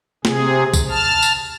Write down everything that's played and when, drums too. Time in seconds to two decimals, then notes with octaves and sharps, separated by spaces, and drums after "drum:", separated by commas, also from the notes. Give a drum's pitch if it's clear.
0.25 C3 G#4, drum: snare
0.74 drum: kick B1, tambourine
0.90 A5 F6
1.22 drum: tambourine